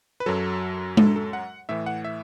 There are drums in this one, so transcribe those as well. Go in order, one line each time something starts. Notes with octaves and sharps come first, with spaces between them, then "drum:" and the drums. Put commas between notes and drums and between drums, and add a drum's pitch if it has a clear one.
B4
F#2 F#3 A4
A4, drum: tom G#3
A4
F#5
A2 E3 E5
F#5
E5